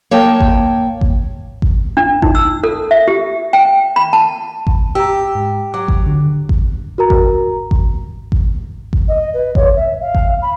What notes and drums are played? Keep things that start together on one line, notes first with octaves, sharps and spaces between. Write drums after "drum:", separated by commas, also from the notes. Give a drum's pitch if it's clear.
A#3 C#5 G5 A5
drum: kick G#1
drum: kick G#1
drum: kick G#1
D4
D#4, drum: kick G#1
E6
A4
E5
G4
G5
B5
A5
drum: kick G#1
G4 A#5 E6
G#2
F#3 D6
drum: kick G#1
D3
drum: kick G#1
F#4 A#4 A#5
drum: kick G#1
drum: kick G#1
drum: kick G#1
drum: kick G#1
D#5
B4
C#5, drum: kick G#1
E5
F5
drum: kick G#1
B5